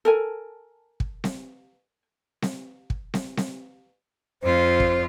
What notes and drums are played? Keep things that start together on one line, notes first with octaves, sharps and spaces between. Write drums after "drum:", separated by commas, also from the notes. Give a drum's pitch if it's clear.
A4 A#4 G#5
drum: kick
drum: snare C4
drum: snare C4
drum: kick
drum: snare C4
drum: snare C4
F2 F4 C5
drum: kick